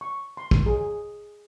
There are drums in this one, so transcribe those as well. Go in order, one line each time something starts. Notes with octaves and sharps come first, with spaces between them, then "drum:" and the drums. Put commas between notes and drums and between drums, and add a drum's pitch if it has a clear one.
C#6
C6
drum: kick
G#4